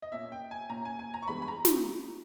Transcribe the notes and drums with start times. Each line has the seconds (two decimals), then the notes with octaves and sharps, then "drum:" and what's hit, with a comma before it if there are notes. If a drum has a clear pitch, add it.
0.02 D#5
0.12 A#2 A#3 C#4 E5
0.32 G5
0.51 G#5
0.69 A#2 A#3 C#4 A#5
0.85 G#5
0.99 G#5
1.14 A#5
1.22 C#6
1.28 G2 E3 G#3 B3 B5
1.42 B5
1.48 A#5
1.65 drum: snare